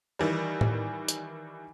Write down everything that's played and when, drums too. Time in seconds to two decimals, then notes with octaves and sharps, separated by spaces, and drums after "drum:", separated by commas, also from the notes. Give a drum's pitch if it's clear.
0.19 D#3 E3 G3
0.61 drum: tom A2
1.08 drum: hi-hat